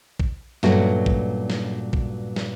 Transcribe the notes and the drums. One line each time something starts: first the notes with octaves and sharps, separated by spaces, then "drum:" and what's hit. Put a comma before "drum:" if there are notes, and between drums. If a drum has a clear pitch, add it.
drum: kick A#1
G2 A#2 F#3 A3 C#4 F#4, drum: snare
drum: kick A#1
drum: snare
drum: kick A#1
drum: snare